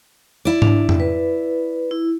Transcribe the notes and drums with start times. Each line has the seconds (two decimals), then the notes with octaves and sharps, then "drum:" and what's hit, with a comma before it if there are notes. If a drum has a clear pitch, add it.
0.45 E4 D5
0.62 D4, drum: tom G#2
0.89 drum: tom F2
1.00 B4
1.91 E4